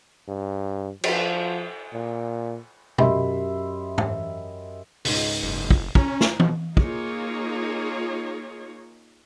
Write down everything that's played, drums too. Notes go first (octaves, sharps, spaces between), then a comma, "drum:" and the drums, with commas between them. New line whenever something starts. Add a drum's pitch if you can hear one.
G2
F3, drum: cymbal
A#2
F#2 G4 D#5 E5 B5 C6, drum: tom B2
drum: tom G#2
C#2 G#2, drum: open hi-hat
F#1
drum: kick
C#4 A#5, drum: kick
drum: snare
B2 F3, drum: tom
A#3 D#4 F4 G#4 C#5, drum: kick